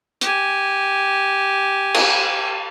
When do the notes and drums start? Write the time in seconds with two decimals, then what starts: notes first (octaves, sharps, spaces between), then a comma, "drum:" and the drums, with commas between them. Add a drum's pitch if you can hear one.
0.21 G4 G#5, drum: hi-hat
1.94 drum: cymbal